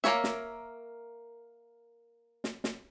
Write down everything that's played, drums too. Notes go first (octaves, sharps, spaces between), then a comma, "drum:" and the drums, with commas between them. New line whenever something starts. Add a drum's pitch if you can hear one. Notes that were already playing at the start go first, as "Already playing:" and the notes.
A#3 C#4 A#4 C#5 E5, drum: snare
drum: snare
drum: snare
drum: snare